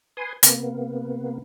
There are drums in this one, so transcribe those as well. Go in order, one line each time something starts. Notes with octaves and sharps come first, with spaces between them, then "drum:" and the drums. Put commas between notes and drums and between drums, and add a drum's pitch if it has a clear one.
B4 G#5 C6 D#6
C3 A#3 B3, drum: hi-hat